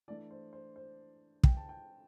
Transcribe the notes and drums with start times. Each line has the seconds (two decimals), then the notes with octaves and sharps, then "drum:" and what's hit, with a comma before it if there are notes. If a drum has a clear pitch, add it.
0.08 E3 A3 D4 D5
0.31 C5
0.53 C5
0.76 C5
1.43 G5, drum: kick
1.57 A5
1.69 G5